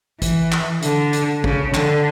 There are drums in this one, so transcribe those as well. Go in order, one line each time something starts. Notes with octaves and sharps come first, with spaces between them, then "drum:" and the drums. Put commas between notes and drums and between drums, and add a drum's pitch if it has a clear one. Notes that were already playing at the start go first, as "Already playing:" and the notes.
E3, drum: kick, hi-hat
drum: clap
D3, drum: hi-hat
drum: hi-hat
C#3, drum: kick
D3, drum: clap